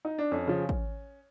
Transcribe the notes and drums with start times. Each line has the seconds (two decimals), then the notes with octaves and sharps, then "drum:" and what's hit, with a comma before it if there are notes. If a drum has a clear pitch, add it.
0.05 D#4
0.18 D4
0.32 F2 C#4
0.47 C#3 F3
0.69 drum: kick